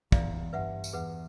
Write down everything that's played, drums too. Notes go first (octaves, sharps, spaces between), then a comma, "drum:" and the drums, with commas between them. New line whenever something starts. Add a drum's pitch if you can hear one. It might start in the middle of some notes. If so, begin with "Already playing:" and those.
E2 E4 D5 F5, drum: kick
G2 B4 E5 F#5
drum: tambourine
E2 G#4 B4 F#5